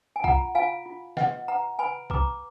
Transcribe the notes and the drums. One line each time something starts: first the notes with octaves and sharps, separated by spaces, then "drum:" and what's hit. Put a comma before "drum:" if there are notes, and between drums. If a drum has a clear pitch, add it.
G#5
F4 F#5 A#5, drum: kick
F4 F5 G#5
F4
B4 D#5 F#5, drum: snare
B4 F#5 A#5
B4 G#5 B5
B4 A#5 D6, drum: kick